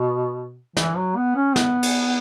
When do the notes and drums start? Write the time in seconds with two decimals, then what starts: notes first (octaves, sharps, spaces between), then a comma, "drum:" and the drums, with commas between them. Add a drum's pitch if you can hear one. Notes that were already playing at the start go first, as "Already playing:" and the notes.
Already playing: B2
0.77 E3, drum: snare
0.97 F#3
1.16 B3
1.36 C#4
1.56 B3, drum: snare
1.83 drum: cymbal